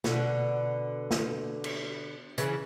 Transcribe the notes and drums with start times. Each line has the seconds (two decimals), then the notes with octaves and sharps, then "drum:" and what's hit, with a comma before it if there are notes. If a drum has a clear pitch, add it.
0.04 B2 D3, drum: snare
1.11 drum: snare
1.64 drum: cymbal
2.38 C#3 E3, drum: hi-hat